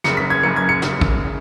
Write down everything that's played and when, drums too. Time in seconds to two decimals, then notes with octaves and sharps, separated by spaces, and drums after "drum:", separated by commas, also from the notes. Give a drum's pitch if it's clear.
0.04 F#1 F#2 C#3 C#7, drum: snare
0.17 B6
0.30 G#6
0.43 F#1 F#2 C#3 C#7
0.56 G#6
0.69 C#7
0.82 F#1 F#2 C#3, drum: snare
1.01 drum: kick
1.25 C#3